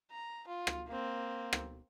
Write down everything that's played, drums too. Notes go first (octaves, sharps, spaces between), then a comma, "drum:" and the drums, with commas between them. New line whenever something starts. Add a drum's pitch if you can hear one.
A#5
F4
drum: rim click
A#3 C4
drum: rim click